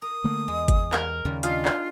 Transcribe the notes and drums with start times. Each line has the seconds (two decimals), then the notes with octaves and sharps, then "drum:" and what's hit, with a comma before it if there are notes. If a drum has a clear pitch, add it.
0.02 A#4 D#6
0.24 D3 A3 A#3
0.48 E2 G#3
0.68 drum: kick G1, hi-hat
0.93 A#4, drum: clap
1.25 D#2 C#3 G3 F4
1.43 D4 D#4 F4 G#4 F5, drum: hi-hat
1.65 drum: clap